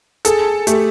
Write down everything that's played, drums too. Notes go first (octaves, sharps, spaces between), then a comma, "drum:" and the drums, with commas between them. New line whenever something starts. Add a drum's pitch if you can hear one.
G#4 A4, drum: hi-hat
A3 G4, drum: hi-hat